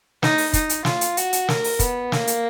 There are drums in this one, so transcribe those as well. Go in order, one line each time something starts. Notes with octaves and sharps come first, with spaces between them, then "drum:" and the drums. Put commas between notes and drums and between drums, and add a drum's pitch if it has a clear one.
D#4, drum: snare
drum: open hi-hat
D#4, drum: kick, hi-hat
drum: hi-hat
F4, drum: snare
drum: hi-hat
F#4, drum: hi-hat
drum: hi-hat
A#4, drum: snare
drum: open hi-hat
B3, drum: kick, hi-hat
A#3, drum: snare
drum: hi-hat